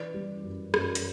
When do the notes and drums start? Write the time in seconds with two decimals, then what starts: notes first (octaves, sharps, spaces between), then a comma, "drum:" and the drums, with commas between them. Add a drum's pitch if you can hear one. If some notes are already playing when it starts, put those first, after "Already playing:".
Already playing: E3 B4 D5
0.14 G3
0.43 F#2
0.74 F#2, drum: rim click
0.95 drum: hi-hat